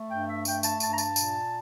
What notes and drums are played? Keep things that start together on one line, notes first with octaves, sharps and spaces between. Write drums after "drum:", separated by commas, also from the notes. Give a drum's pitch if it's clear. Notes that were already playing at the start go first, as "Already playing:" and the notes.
Already playing: A3
G2 G5
E5
A3 G5, drum: tambourine
A5, drum: tambourine
G2 A5, drum: tambourine
A#5
A5, drum: tambourine
A#2, drum: tambourine